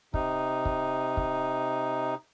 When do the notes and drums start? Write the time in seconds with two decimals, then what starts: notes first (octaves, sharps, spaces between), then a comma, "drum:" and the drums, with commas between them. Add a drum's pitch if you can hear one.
0.14 C3 D#4, drum: kick
0.65 drum: kick
1.17 drum: kick